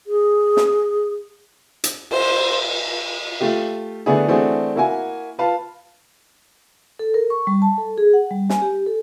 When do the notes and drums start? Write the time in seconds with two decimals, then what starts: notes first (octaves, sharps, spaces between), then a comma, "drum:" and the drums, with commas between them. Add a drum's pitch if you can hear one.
0.07 G#4
0.57 drum: snare
1.84 drum: hi-hat
2.11 C5, drum: cymbal
3.41 A3 F4 G4
4.06 D3 A3 B3 D4 E4 G#4
4.28 E3 A3 C4 D4 F#4 G#4
4.76 A#3 E4 F#4 E5 G#5
5.39 F4 B4 F5 A5
6.99 A4
7.14 A#4
7.30 C#6
7.47 G3
7.62 A5
7.78 A4
7.98 G#4
8.13 F#5
8.31 G3
8.50 G#5, drum: snare
8.62 G4
8.86 A4